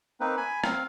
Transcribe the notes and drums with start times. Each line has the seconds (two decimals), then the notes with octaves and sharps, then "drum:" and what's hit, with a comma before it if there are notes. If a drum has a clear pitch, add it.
0.20 A#3 C4 D#4 B4
0.37 G#5 B5
0.64 C4 F5, drum: rim click